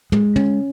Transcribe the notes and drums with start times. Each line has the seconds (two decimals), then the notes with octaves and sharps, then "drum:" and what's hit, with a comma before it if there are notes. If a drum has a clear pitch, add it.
0.12 G#3, drum: tom
0.36 C#4, drum: tom